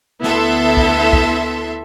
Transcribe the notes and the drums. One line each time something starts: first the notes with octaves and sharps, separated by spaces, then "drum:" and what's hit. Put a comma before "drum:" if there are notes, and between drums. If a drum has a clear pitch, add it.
D2 B3 E4 A4 E5 C6, drum: snare
drum: kick
drum: kick